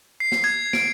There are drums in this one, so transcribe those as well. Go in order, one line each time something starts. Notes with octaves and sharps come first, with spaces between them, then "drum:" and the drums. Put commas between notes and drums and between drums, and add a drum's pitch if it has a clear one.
C7
drum: snare
G#6
D7, drum: snare